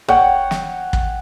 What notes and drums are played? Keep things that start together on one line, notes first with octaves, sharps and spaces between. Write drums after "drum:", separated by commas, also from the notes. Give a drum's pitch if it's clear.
C#5 F#5 G5, drum: tom
drum: snare
drum: kick